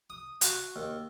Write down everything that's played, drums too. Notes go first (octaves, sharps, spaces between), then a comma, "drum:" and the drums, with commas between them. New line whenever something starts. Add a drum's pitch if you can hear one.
D#6
F#4, drum: hi-hat
D#2